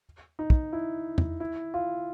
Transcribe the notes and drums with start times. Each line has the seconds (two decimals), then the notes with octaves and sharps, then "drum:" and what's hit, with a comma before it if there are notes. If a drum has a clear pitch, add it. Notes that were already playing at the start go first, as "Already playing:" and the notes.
0.39 D#4
0.50 drum: kick
0.73 E4
1.18 drum: tom
1.40 E4
1.74 F4